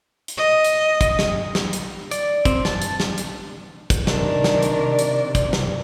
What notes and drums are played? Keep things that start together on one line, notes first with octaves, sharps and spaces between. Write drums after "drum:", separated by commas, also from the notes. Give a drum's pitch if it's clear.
drum: hi-hat
D#5
drum: hi-hat
drum: kick, hi-hat
drum: snare
drum: snare
drum: hi-hat
D5, drum: hi-hat
C4, drum: kick, hi-hat
A5, drum: snare
drum: hi-hat
drum: snare
drum: hi-hat
drum: kick, hi-hat
C3 D#3 D4 A#4 D5, drum: snare
drum: snare
drum: hi-hat
drum: hi-hat
drum: kick, hi-hat
drum: snare